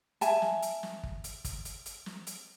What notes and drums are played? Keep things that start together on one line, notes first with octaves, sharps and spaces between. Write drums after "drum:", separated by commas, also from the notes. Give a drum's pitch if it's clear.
E5 G#5 A5, drum: hi-hat
drum: snare
drum: hi-hat
drum: snare
drum: kick
drum: hi-hat
drum: kick, hi-hat
drum: hi-hat
drum: hi-hat
drum: snare
drum: hi-hat